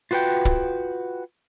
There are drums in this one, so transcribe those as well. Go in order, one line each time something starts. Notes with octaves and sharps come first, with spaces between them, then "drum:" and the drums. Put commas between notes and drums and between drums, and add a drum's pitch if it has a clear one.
F4 F#4 B4 F#5 G5
drum: kick